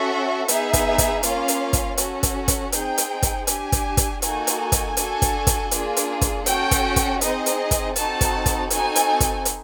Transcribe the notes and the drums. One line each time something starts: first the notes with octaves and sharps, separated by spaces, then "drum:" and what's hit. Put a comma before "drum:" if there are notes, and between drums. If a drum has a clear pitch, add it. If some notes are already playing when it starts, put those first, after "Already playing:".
Already playing: C#4 F#4 A4 E5
B3 D#4 G#4 E5, drum: hi-hat
drum: kick, hi-hat
drum: kick, hi-hat
A#3 C#4 F4 F5, drum: hi-hat
drum: hi-hat
drum: kick, hi-hat
C#4 F#4 A4, drum: hi-hat
drum: kick, hi-hat
drum: kick, hi-hat
C4 D#4 G#4 G5, drum: hi-hat
drum: hi-hat
drum: kick, hi-hat
D4 G4 G#5, drum: hi-hat
drum: kick, hi-hat
drum: kick, hi-hat
A#3 D#4 F#4 A4 G#5, drum: hi-hat
drum: hi-hat
drum: kick, hi-hat
D4 F#4 A4, drum: hi-hat
drum: kick, hi-hat
drum: kick, hi-hat
A#3 D4 F4 G#4, drum: hi-hat
drum: hi-hat
drum: kick, hi-hat
C#4 F#4 A4 G5, drum: hi-hat
drum: kick, hi-hat
drum: kick, hi-hat
C4 D#4 G#4 D#5, drum: hi-hat
drum: hi-hat
drum: kick, hi-hat
C4 D#4 F#4 A4 A5, drum: hi-hat
drum: kick, hi-hat
drum: kick, hi-hat
C4 D#4 F#4 A4 G#5, drum: hi-hat
drum: hi-hat
drum: kick, hi-hat
drum: hi-hat